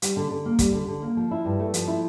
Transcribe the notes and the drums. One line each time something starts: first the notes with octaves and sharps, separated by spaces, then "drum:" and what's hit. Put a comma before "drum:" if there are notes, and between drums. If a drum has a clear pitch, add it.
G3, drum: hi-hat
D3
D3
A#3
G3, drum: kick, hi-hat
D3
D3
A#3
F3
E4
G2
A3
F3, drum: hi-hat
E4